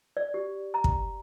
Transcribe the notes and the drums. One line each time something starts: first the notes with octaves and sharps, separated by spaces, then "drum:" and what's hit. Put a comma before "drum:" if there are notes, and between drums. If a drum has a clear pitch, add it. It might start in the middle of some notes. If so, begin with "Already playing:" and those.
D5
G4
A#5
drum: kick